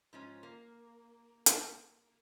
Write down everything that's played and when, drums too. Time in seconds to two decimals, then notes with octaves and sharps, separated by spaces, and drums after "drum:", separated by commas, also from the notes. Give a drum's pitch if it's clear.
0.13 G#2 F3 C#4
0.43 A#3
1.46 drum: hi-hat